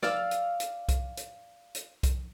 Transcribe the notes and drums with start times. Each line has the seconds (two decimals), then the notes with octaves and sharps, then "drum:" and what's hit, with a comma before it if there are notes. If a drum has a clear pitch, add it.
0.02 D5 F5 E6, drum: snare
0.31 drum: hi-hat
0.60 drum: hi-hat
0.89 drum: kick, hi-hat
1.17 drum: hi-hat
1.75 drum: hi-hat
2.03 drum: kick, hi-hat